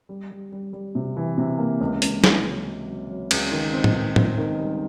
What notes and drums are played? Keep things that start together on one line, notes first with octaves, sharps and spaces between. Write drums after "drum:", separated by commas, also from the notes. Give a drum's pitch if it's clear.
G3
G3
G3
G3
C3
E3
C3
A#3
C#2
C#2, drum: hi-hat
C#2, drum: snare
F#3
F#3
F#3
F#3
C#2, drum: cymbal
D#3
C4
drum: tom
D#3
C4, drum: tom
D#3
G3